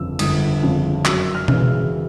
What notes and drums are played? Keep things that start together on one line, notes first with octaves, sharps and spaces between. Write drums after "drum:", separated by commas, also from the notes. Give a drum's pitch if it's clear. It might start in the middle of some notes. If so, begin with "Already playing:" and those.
Already playing: G1 F2 C#3 E6
G1 D#6, drum: cymbal
F2 C#3
F#2 E6, drum: clap
F6
C#3 E3 G#3, drum: tom B2